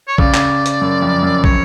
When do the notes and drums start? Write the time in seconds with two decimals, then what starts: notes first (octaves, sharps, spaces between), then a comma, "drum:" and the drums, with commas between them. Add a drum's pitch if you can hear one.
0.08 C#5
0.18 C#3 D5, drum: kick
0.34 drum: clap
0.66 drum: hi-hat
0.82 F#2
1.02 F2
1.23 F#2
1.44 C#5, drum: kick